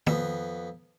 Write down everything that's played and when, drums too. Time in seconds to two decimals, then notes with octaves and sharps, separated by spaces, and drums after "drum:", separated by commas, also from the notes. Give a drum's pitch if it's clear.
0.07 F2 B3, drum: tom